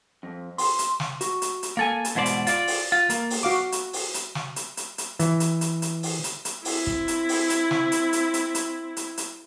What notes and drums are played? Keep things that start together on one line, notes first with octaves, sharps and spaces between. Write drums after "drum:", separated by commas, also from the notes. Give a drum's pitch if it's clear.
F2
C6, drum: open hi-hat
drum: hi-hat
drum: snare
F#4, drum: hi-hat
drum: hi-hat
drum: hi-hat
A#3 A4 G#5
drum: hi-hat
E2 G#2 B2 C5 D5
drum: hi-hat
F4 D5, drum: hi-hat
drum: open hi-hat
F4
A#3, drum: hi-hat
drum: open hi-hat
F#4 F5 D6
drum: hi-hat
drum: open hi-hat
drum: hi-hat
drum: snare
drum: hi-hat
drum: hi-hat
drum: hi-hat
E3, drum: hi-hat
drum: hi-hat
drum: hi-hat
drum: hi-hat
drum: open hi-hat
drum: hi-hat
drum: hi-hat
C4 E4, drum: open hi-hat
drum: kick
drum: hi-hat
drum: open hi-hat
drum: hi-hat
drum: snare
drum: hi-hat
drum: hi-hat
drum: hi-hat
drum: hi-hat
drum: hi-hat
drum: hi-hat